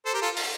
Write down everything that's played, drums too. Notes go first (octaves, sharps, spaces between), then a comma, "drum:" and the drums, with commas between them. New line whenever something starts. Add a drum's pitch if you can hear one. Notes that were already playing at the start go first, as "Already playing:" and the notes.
A4 C5
G4 A#4
F4 A4
drum: open hi-hat